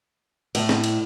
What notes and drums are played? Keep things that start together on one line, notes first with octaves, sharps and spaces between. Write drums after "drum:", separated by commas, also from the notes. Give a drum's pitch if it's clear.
A2, drum: cymbal
drum: snare
drum: cymbal